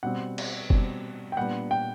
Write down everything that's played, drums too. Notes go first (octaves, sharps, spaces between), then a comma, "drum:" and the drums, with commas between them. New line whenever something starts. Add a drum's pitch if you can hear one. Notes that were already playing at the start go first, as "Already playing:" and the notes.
B2 G3 C4 F#5
drum: cymbal
B2 G3 C4, drum: kick
G5
A#2 G3 B3 D4 F#5
G5